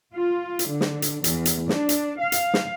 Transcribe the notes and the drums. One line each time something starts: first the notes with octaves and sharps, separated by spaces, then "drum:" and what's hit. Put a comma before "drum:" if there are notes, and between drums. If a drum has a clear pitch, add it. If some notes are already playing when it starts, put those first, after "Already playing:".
F4
drum: hi-hat
D3
drum: snare
drum: hi-hat
E2, drum: hi-hat
drum: hi-hat
D4, drum: snare
drum: hi-hat
F5
drum: hi-hat
drum: snare